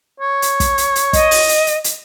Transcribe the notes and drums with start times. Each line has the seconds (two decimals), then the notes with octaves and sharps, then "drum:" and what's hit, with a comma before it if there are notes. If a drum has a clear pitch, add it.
0.20 C#5
0.42 drum: hi-hat
0.60 drum: kick, hi-hat
0.78 drum: hi-hat
0.95 drum: hi-hat
1.13 D#5, drum: kick, hi-hat
1.31 drum: open hi-hat
1.49 drum: hi-hat
1.67 drum: hi-hat
1.84 drum: hi-hat